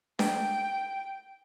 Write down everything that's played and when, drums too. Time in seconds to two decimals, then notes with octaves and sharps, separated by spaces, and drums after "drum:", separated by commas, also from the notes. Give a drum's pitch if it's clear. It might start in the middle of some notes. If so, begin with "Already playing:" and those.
0.19 G5, drum: snare D4